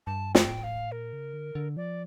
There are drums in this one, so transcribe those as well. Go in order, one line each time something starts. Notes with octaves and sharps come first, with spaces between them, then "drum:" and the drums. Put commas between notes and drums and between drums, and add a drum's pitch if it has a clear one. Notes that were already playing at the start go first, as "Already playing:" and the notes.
G2 A5
G5, drum: snare
A2
F5
A#2 A#4
C#3
D3
D3
F3 D5